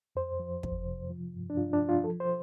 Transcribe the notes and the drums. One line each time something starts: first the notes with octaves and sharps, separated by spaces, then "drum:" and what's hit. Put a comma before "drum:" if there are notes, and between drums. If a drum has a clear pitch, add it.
F2 C5
F3
F2, drum: kick
C3
F3
G2
D4
G2 F4
D4
F3
F4
F3 A4
C5